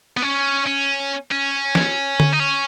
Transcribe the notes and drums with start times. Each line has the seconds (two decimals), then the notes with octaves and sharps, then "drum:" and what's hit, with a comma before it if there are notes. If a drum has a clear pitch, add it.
0.17 B3
0.22 C#4
0.66 C#4
1.31 C#4
1.75 drum: snare
2.20 drum: tom D3
2.32 D#4
2.39 C#4